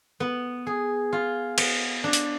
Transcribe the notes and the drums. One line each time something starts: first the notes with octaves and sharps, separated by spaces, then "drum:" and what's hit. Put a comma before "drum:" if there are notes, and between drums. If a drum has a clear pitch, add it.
B3
G#4
F4
B3, drum: cymbal
D4
drum: hi-hat